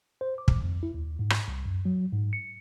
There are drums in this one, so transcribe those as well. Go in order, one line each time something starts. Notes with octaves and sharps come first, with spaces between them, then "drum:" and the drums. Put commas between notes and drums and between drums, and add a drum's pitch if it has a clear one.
C5
D6
drum: kick
F2
E4
D#2
G#2
drum: rim click
C2
F#2
F#3
G#2
C#7